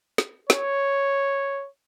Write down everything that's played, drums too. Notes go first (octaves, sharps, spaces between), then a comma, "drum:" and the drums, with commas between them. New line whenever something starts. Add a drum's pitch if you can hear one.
drum: snare
C#5, drum: snare